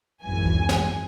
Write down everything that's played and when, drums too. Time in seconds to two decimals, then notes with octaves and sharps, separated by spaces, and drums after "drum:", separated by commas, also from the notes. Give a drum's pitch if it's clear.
0.22 G#1 F#2 E3 G#5
0.46 drum: kick D2
0.69 drum: snare